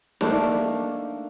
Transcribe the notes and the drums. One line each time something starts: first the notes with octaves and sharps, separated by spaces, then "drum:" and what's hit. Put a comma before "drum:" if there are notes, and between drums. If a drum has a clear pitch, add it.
A3 A#3 D4 D#4, drum: snare